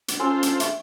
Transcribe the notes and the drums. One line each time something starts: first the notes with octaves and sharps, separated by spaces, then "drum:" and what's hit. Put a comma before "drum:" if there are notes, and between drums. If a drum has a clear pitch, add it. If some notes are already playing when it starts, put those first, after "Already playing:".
drum: hi-hat
C#4 F4 A4 C5 G#5 C6 E6
drum: hi-hat
E5 C#6, drum: hi-hat